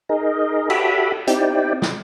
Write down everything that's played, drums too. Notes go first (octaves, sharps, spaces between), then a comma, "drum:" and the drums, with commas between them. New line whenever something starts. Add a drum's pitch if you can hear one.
D#4 G#4 A#4 D#5
F#4 G4 A4 E5 B5, drum: cymbal
C4 D#4 E4 G4 D5 G5, drum: hi-hat
drum: snare